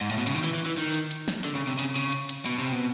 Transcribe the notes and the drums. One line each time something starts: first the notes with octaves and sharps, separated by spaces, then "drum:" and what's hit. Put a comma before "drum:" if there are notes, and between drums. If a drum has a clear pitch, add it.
G#2
A2, drum: hi-hat
B2
C#3, drum: hi-hat
D#3
E3, drum: hi-hat
E3
E3
D#3, drum: open hi-hat
drum: hi-hat
drum: hi-hat
drum: snare
D3
C#3
C3
C#3, drum: hi-hat
C#3, drum: hi-hat
drum: hi-hat
drum: hi-hat
B2, drum: hi-hat
C3
B2